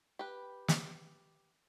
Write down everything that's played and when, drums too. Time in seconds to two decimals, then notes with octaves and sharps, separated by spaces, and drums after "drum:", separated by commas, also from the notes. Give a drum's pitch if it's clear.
0.19 G4 B4
0.68 drum: snare